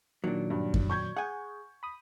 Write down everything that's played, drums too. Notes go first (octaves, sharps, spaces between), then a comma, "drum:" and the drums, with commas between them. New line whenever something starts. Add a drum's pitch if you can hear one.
A#2 D#3 F#3 D4
G2
drum: kick F#2
C#6 G6 G#6
G#4 F#5 G#5
B5 D#6